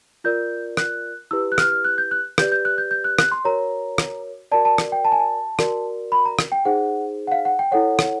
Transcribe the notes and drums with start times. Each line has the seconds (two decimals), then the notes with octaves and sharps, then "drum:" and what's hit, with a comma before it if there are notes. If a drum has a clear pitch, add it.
0.24 F4 A#4 D5 G6
0.77 F#6, drum: rim click
1.31 E4 G4 B4 E6
1.52 F#6
1.58 F6, drum: rim click
1.71 F6
1.85 F#6
1.98 G6
2.11 F#6
2.38 G4 B4 D5 G6, drum: rim click
2.52 G6
2.65 F#6
2.78 G6
2.91 G6
3.04 F#6
3.19 F#6, drum: rim click
3.32 C6
3.45 F#4 A#4 C#5 A#5
3.98 drum: rim click
4.52 F#4 A#4 D5 A5
4.65 A5
4.78 drum: rim click
4.92 G5
5.05 A5
5.12 G#5
5.19 A5
5.59 F#4 A#4 D5, drum: rim click
6.12 B5
6.25 A#5
6.39 drum: rim click
6.52 G5
6.65 D#4 G#4 C5 F#5
7.27 F#5
7.32 F5
7.45 F#5
7.59 G5
7.72 E4 A4 C#5 F#5
7.99 drum: rim click